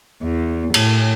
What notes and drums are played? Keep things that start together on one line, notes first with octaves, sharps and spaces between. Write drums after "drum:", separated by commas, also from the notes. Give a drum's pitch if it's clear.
E2
A2, drum: cymbal